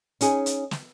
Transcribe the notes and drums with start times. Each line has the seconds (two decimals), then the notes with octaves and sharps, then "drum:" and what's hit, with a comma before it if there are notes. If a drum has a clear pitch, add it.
0.21 C#4 D#4 G#4, drum: hi-hat
0.46 drum: hi-hat
0.71 drum: snare